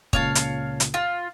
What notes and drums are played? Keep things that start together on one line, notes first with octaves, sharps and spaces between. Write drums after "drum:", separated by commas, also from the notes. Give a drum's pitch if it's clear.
C#2 A#2 C#3 C#5 F5 A5, drum: kick
drum: hi-hat
drum: hi-hat
F4 A6